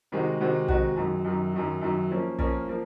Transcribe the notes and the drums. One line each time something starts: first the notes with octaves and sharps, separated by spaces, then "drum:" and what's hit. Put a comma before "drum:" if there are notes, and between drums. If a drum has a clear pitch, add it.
C3 D#3 G#3 D#4 F#4
C3 D#3 G#3 D#4 F#4
C3 D#3 G#3 D#4 F#4, drum: kick
F#2 D#3 F#3
F#2 D#3 F#3
F#2 D#3 F#3
F#2 D#3 F#3
F3 A#3 C#4
F3 A#3 C#4, drum: kick
F3 A#3